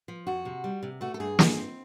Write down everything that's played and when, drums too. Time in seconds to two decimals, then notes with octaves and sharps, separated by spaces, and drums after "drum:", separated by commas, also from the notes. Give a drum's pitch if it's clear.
0.08 F3
0.27 F2 F#4
0.45 C3
0.64 G3
0.83 C3
1.01 A3 F#4
1.14 A4
1.20 G2 G#4
1.39 G2, drum: snare
1.57 C4